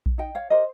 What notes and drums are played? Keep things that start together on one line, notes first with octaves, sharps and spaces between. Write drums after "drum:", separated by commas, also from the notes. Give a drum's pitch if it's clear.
drum: kick A#1
D#4 D#5 G5
C#5 F5
G4 A#4 C5 D#5